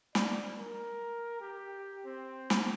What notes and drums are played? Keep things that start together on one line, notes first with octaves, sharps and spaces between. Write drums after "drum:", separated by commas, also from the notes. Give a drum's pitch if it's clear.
D5, drum: snare
A#4
G4
C4
drum: snare